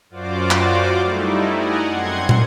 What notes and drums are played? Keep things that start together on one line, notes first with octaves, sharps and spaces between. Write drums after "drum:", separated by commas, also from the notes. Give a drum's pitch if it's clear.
F#2 F4 F#4 C5 D5 D6
drum: clap
G3 A3 D#4 E4
D5 D#5 F#5 G#5 A#5
F#2 C4 F#5 C6 G#6
drum: tom